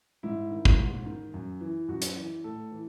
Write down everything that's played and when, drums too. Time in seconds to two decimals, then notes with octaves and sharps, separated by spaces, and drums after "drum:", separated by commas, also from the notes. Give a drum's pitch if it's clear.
0.23 G#2 E4
0.51 D#3
0.65 drum: kick
0.78 G#2
1.06 D#3
1.34 F#2
1.61 E3
1.88 F#2 F#4
2.02 drum: hi-hat
2.16 E3
2.44 A2 A4
2.72 E3